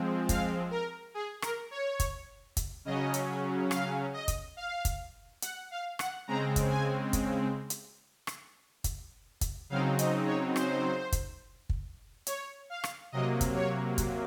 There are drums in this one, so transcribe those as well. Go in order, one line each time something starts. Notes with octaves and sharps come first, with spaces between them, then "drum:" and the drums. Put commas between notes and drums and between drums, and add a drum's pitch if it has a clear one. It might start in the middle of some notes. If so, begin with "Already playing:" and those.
Already playing: F3 G#3 C4
F5, drum: kick, hi-hat
A#4
G#4
A#4, drum: rim click
C#5
drum: kick, hi-hat
drum: kick, hi-hat
C#3 F#3 C#4 D#5
drum: hi-hat
F5, drum: rim click
D#5
drum: kick, hi-hat
F5
drum: kick, hi-hat
F#5, drum: hi-hat
F5
F#5, drum: rim click
C#3 G#3 C4 A#5
drum: kick, hi-hat
G#5
drum: kick, hi-hat
drum: hi-hat
drum: rim click
drum: kick, hi-hat
drum: kick, hi-hat
C#3 F#3 C4 D#4 F5
D#5, drum: hi-hat
C#5
C5, drum: rim click
drum: kick, hi-hat
drum: kick
C#5, drum: hi-hat
F5
drum: rim click
C3 F#3 A#3 D#5
drum: kick, hi-hat
C#5
drum: kick, hi-hat